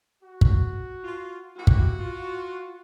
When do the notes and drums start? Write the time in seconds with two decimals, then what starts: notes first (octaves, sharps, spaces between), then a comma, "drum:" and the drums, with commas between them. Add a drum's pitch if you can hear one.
0.23 F#4
0.41 drum: kick
1.04 F4
1.57 A#3 E4 F#4 G4
1.67 drum: kick
2.00 F4